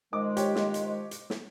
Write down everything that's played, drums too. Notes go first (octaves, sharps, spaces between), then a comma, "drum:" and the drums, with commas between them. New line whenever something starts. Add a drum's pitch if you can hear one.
D#3 F3 G#3 D6
G4 C#5, drum: hi-hat
drum: snare
drum: hi-hat
drum: hi-hat
drum: snare